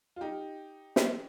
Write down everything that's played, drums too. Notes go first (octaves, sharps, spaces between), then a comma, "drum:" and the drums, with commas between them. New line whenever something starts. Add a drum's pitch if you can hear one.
F4
D#4 G4
drum: snare